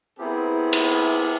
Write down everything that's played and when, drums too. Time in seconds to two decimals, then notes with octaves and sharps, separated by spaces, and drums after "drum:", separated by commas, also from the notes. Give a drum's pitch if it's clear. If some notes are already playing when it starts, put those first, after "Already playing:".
0.19 B3 C4 E4 G4 G#4 A#4
0.73 drum: cymbal